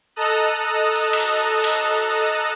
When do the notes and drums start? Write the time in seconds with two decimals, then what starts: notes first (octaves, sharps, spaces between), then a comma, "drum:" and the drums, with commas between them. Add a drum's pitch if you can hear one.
0.16 A4 D#5 A5 A#5 D#6 F#6
0.96 drum: hi-hat
1.13 drum: cymbal
1.64 drum: cymbal